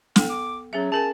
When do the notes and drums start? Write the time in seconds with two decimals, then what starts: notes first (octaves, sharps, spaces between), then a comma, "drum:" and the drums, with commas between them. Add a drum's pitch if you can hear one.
0.16 B3 A4 G5, drum: snare
0.30 D6
0.73 F#3 C#4 G#4 E5
0.92 G#4 A#4 G#5 A5